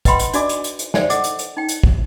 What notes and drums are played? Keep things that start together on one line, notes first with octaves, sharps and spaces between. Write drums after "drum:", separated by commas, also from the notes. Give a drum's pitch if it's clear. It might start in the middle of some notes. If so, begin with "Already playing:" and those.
B4 D#5 F#5 G5 B5 C6, drum: kick, hi-hat
drum: hi-hat
D4 F#4 D5 D#5 G#5 D6, drum: hi-hat
drum: hi-hat
drum: hi-hat
drum: hi-hat
C5 D5 E5 F5 G5 G#5, drum: snare
A4 D#5 F#5 D6, drum: hi-hat
drum: hi-hat
drum: hi-hat
D#4 G5
drum: hi-hat
drum: kick